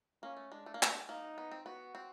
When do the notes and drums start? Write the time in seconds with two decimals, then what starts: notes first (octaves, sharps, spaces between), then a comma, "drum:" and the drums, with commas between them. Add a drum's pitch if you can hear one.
0.23 A#3 C#4
0.37 A3
0.52 G#3 D4
0.66 A3
0.74 A#3
0.83 A3, drum: clap
1.09 A#3 D#4
1.38 B3
1.51 C4
1.66 B3 F#4
1.95 C4